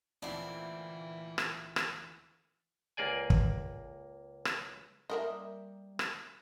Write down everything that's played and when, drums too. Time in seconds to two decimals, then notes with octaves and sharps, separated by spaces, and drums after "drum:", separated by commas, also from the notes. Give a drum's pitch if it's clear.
0.22 D2 A#2 E3 C4 D4 E4
1.38 drum: rim click
1.76 drum: rim click
2.97 C#2 A#3 G#4 D5 G#5
3.30 drum: kick
4.45 drum: rim click
5.10 G3 A#3 A#4 D#5 E5
5.99 drum: rim click